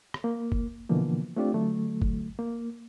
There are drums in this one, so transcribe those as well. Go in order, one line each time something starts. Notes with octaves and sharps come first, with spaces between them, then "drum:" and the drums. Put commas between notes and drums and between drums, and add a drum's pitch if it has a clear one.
drum: rim click
A#3
drum: kick F#1
B2 D3 E3 F3 A#3
A3 C4 D4 F4 G4 D5
D3 F#3 A3
drum: kick F#1
A#3